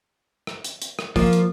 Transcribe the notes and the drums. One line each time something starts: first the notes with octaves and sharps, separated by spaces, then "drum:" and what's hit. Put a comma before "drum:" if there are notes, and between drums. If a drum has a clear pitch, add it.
drum: rim click
drum: hi-hat
drum: hi-hat
drum: rim click
F3 A#3, drum: kick, open hi-hat
drum: hi-hat